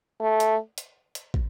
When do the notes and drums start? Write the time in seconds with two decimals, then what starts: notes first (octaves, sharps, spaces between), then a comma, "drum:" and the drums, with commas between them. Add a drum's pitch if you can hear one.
0.22 A3
0.40 drum: hi-hat
0.78 drum: hi-hat
1.15 drum: hi-hat
1.34 drum: kick